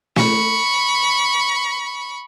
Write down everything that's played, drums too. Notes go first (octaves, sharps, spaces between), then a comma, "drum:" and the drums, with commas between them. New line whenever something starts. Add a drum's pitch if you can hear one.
B5 C#6, drum: snare